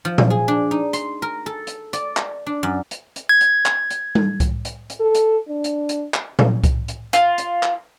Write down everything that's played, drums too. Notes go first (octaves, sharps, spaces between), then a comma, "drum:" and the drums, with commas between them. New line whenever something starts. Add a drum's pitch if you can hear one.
F3
drum: tom A#2
G#4
D4
D#4
C6, drum: hi-hat
A#4
A4
drum: hi-hat
D5, drum: hi-hat
drum: clap
D4
F#2
drum: hi-hat
drum: hi-hat
G#6
drum: hi-hat
drum: clap
drum: hi-hat
drum: tom G3
drum: kick C2, hi-hat
drum: hi-hat
drum: hi-hat
A4
drum: hi-hat
D4
drum: hi-hat
drum: hi-hat
drum: clap
drum: tom A#2
drum: kick C2, hi-hat
drum: hi-hat
F4, drum: hi-hat
drum: hi-hat
drum: clap